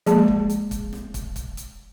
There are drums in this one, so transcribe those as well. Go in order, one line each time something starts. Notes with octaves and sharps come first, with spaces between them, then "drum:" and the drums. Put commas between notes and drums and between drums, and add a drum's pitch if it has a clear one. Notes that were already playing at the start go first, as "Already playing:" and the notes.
F3 G#3 A#3 G#4 A5, drum: hi-hat
drum: kick
drum: hi-hat
drum: kick, hi-hat
drum: snare
drum: kick, hi-hat
drum: kick, hi-hat
drum: hi-hat